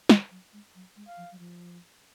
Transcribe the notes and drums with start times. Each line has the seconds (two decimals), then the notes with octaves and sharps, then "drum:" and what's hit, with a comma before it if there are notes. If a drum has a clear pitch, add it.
0.09 D#3, drum: snare
0.31 F#3
0.53 G#3
0.75 F#3
0.96 G#3
1.07 F5
1.17 F3
1.32 F#3
1.39 F3